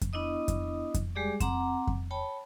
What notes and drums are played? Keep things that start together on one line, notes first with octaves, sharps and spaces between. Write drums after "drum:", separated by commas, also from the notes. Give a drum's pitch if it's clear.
drum: kick F2, hi-hat
B3 D4 E4 D#5 D#6
drum: kick F2, hi-hat
drum: kick F2, hi-hat
G3 G#3 G4 G#4 D5 D6
C4 F#5 A#5 D6, drum: kick F2, hi-hat
drum: kick F2
C#5 G5 A5 B5